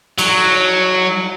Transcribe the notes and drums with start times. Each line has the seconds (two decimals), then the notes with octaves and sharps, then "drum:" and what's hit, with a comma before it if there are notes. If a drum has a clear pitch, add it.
0.18 F#3, drum: cymbal